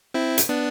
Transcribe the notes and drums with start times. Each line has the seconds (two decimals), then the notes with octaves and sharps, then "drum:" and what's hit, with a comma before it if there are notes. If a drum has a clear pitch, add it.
0.14 C4 E4
0.38 drum: hi-hat
0.49 B3 D4